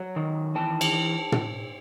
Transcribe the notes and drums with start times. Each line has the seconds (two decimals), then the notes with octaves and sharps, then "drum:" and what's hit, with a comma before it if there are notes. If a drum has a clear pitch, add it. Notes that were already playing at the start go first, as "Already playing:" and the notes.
Already playing: F#3
0.16 D#3
0.55 E3 G5 A5
0.81 drum: cymbal
1.32 drum: tom